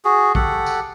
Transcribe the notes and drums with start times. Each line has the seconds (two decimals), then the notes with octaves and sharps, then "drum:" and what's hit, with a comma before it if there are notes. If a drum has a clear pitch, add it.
0.05 F#4 G#4
0.35 G4 A4 F#5, drum: kick A#1
0.66 drum: tambourine